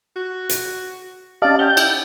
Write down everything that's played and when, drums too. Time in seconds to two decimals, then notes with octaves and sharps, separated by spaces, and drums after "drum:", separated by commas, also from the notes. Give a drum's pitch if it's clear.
0.16 F#4
0.49 drum: hi-hat
1.42 C#4 G4 D5 D#5 F5 A5
1.59 C#4 F#5 G5 G6
1.77 E4, drum: cymbal